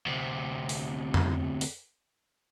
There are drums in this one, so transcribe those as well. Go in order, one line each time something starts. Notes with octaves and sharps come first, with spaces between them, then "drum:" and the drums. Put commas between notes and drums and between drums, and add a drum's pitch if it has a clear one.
D2 C3
drum: open hi-hat
drum: tom F2
drum: open hi-hat